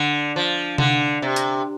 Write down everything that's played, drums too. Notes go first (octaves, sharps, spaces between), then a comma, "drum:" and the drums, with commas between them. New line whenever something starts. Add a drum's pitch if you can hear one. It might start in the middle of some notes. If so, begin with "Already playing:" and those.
Already playing: D3
F3
D3, drum: tom C3
C3
drum: hi-hat